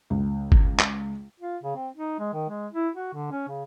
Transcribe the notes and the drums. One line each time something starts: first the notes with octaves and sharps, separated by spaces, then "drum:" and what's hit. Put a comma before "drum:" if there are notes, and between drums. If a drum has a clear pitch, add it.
C#2
drum: kick G1
drum: clap
F4
C#3
C4
D#4
G#3
D#3
G#3
E4
F#4
D3
C#4
C#3